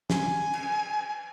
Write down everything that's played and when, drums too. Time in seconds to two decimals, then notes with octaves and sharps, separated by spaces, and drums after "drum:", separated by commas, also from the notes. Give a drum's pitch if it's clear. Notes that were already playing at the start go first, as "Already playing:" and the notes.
0.10 G#5, drum: snare
0.54 drum: cymbal